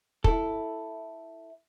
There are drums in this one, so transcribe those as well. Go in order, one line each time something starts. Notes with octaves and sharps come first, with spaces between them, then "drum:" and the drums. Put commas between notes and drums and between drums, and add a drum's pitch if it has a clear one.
E4 A4, drum: kick